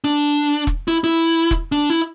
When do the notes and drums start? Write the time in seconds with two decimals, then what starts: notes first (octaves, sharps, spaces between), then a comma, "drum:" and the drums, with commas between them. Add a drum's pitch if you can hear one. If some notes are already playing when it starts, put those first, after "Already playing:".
0.04 D4
0.67 drum: kick E1
0.88 E4
1.04 E4
1.51 drum: kick E1
1.72 D4
1.90 E4